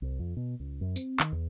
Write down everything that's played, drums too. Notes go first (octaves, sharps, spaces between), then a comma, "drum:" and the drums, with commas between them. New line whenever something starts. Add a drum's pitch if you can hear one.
C2
F2
B2
C#2
F#2
C4, drum: tambourine
D#3, drum: clap
E2